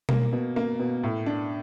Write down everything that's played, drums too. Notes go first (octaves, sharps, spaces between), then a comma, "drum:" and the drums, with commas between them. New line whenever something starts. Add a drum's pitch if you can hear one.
A#3, drum: tom B2
B2
A#3
B2
A2
D4